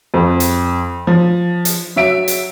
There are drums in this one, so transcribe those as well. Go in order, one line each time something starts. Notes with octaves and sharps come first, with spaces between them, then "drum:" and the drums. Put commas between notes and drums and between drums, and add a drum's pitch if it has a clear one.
F2
drum: hi-hat
F3
drum: hi-hat
F#3 E5 D7
drum: hi-hat